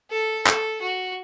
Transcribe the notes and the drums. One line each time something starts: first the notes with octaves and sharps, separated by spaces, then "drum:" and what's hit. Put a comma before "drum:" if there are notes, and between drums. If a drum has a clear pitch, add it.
A4
A4, drum: clap
F#4